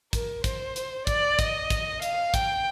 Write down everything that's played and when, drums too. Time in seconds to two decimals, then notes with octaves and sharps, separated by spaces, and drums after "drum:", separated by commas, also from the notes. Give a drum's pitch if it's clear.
0.13 A#4, drum: kick, hi-hat
0.44 C5, drum: kick, hi-hat
0.76 drum: hi-hat
1.07 D5, drum: kick, hi-hat
1.39 D#5, drum: kick, hi-hat
1.70 drum: kick, hi-hat
2.02 F5, drum: hi-hat
2.34 G5, drum: kick, hi-hat